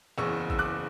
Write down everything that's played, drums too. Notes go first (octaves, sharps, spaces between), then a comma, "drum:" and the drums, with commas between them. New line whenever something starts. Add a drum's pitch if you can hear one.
F#1 E2 C#3 C#6 E6
E6, drum: kick G#1
D6 F#6